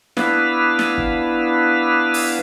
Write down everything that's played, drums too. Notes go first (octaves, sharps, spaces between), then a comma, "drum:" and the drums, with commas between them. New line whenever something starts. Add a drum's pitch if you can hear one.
B3 D4 E4 B4 F5, drum: snare
drum: snare
drum: kick
drum: open hi-hat